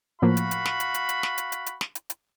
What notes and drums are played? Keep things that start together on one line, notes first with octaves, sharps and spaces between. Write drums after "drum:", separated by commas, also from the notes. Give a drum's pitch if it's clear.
A2 F3 A#3 F#4 F5 B5
drum: hi-hat
drum: hi-hat
drum: snare
drum: hi-hat
drum: hi-hat
drum: hi-hat
drum: snare
drum: hi-hat
drum: hi-hat
drum: hi-hat
drum: snare
drum: hi-hat
drum: hi-hat